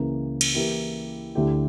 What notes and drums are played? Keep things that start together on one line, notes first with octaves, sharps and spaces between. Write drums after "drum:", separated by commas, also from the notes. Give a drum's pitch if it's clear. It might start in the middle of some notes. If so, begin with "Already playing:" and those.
Already playing: C#2 C#3 E3 A#3
drum: cymbal
E3 A#3 E4 G4
D2 D3 A3 E4 G4